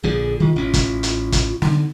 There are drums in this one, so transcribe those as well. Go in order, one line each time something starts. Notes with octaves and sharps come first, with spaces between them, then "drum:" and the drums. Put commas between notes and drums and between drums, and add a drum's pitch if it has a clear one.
A#1 D3 F3 G#4
D#3 F4
A1 C#4
drum: kick, hi-hat
drum: hi-hat
drum: kick, hi-hat
D3 D#4, drum: snare